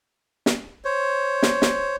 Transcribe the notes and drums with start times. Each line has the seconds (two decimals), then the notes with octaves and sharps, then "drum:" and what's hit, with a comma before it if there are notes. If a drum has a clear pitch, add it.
0.46 drum: snare
0.85 C5 C#5
1.43 drum: snare
1.62 drum: snare